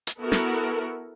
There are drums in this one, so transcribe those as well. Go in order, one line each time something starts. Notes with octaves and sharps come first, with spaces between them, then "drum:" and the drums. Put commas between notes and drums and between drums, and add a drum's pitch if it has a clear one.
drum: hi-hat
B3 E4 F#4 A4 A#4
drum: snare